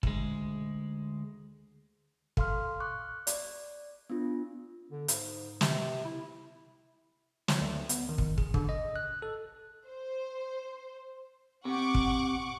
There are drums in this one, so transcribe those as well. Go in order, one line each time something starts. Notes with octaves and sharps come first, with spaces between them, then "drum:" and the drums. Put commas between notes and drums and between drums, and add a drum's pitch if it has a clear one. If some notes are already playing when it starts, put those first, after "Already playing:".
D2 G#3, drum: kick
A4 F5 C6 F6, drum: kick
C#6 D6 F#6
D5, drum: hi-hat
B3 D4 F4
D3
G#2, drum: hi-hat
C3, drum: snare
E4
F#3, drum: snare
D2
B3, drum: hi-hat
D#3
drum: kick
G#4, drum: kick
D3, drum: kick
D#5
F#6
A4
C5
C3 F#5 C#6 D6
drum: kick